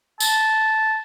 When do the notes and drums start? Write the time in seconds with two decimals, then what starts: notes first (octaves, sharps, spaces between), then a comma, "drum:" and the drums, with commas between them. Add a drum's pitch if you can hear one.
0.20 A5, drum: tambourine